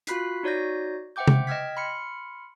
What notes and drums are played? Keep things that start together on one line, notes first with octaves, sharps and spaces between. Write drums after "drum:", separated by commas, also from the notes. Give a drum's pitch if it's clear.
F4 F#4 B5 F#6 B6 C7, drum: hi-hat
D#4 F#4 C#5 D5 G6 A#6
C5 E5 F#5 G5 D6 G6
drum: tom C3
D#5 G5 E6 F6 G#6 B6
B5 C6 F6 C#7